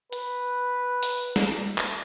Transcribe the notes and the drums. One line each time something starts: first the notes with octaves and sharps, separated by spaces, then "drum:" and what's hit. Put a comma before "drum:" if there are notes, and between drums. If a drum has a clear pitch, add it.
B4, drum: hi-hat
drum: open hi-hat
drum: snare
drum: clap